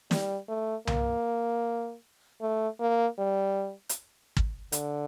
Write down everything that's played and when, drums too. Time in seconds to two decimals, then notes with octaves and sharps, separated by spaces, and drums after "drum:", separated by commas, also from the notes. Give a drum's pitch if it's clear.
0.11 G3, drum: snare
0.49 A3
0.87 A#3, drum: tom C2
2.41 A3
2.80 A#3
3.18 G3
3.89 drum: hi-hat
4.37 drum: kick
4.72 D3, drum: hi-hat